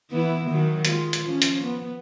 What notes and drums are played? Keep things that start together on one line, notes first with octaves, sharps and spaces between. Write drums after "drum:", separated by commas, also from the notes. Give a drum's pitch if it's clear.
E3 B3 E4
D#3 F#3
G#3 F4, drum: hi-hat
drum: hi-hat
F3 C#4
drum: hi-hat
B3